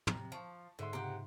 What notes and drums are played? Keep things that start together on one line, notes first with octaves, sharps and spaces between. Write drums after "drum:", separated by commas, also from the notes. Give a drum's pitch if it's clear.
C3 A#5, drum: tom
F3 A5 C#6
G#2 D3 E5 C6
C#2 C3 G4 F#5 A#5